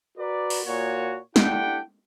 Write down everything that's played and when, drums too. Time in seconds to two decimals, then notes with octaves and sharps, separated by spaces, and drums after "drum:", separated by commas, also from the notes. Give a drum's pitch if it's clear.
0.18 F#4 A#4 B4 D5
0.50 drum: open hi-hat
0.65 A#2 F#4 C#5
1.36 D4 E4 G4 A4 F#5 G5, drum: snare